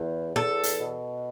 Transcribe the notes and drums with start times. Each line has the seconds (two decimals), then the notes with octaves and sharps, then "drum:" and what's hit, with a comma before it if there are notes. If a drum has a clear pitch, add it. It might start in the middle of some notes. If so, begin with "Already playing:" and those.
Already playing: E2
0.36 E2 A4
0.63 drum: hi-hat
0.80 B2